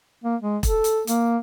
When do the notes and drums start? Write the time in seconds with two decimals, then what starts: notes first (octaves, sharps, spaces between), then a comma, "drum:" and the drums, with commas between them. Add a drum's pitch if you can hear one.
0.24 A#3
0.41 G#3
0.63 A4, drum: kick E1, hi-hat
0.84 drum: hi-hat
1.07 A#3, drum: hi-hat